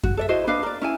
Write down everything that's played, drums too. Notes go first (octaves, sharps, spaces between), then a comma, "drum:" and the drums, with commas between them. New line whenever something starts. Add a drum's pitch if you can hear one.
F#4, drum: kick F#2
A4 D5 E5
E4 F#4 C5 D#5
D4 B4 D#5 F5
A#4 D5
C#4 E4 G#5